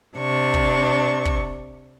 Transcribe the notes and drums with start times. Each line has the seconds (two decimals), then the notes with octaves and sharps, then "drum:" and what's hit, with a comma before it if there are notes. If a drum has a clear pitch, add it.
0.18 C3 D4 C#6
0.54 drum: kick
1.25 drum: kick